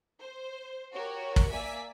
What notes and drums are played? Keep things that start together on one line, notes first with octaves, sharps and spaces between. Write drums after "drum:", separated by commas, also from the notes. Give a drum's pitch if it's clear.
C5
F#4 G4 A#4 C#5
drum: kick
A#3 D5 E5 G#5 B6